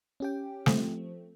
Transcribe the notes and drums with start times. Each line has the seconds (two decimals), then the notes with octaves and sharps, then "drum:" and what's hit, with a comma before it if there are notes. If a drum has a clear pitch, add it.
0.20 C#4 G4 G5
0.66 F3 A3 C4, drum: snare